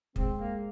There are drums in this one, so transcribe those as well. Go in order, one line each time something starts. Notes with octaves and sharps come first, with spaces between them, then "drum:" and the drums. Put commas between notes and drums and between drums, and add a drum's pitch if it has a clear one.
G#3 C4, drum: kick
A#3